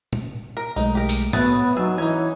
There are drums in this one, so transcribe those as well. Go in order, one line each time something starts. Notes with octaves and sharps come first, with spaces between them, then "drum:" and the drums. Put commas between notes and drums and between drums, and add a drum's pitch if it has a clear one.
drum: tom
A#4
B1 G#3 A3 D#4
G4 A#4
drum: hi-hat
A3 B3 F#4 C#5 D#6 A6, drum: tom
F#3 D#4 G#4 E6
E3 C#4 D#4 G#6